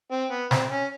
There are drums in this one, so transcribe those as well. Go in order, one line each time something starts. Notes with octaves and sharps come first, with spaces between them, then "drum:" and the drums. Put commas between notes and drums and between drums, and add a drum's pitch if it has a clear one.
C4
B3
C4, drum: snare
C#4